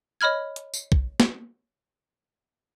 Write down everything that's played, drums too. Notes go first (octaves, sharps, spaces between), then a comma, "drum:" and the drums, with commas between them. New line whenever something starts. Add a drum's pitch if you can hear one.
C#5 D#5 B5 F6 G#6
drum: hi-hat
drum: tambourine
drum: kick
drum: snare